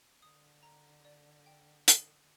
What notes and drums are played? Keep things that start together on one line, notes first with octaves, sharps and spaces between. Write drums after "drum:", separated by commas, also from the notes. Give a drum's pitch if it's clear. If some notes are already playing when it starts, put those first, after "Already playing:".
D3 D#6
A#5
D5
G5
D#6, drum: hi-hat